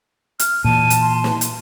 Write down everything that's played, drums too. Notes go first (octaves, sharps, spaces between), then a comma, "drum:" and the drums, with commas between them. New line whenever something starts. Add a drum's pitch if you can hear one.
F6, drum: hi-hat
A#2 E3 A5 D#7
drum: hi-hat
C6
drum: snare
drum: hi-hat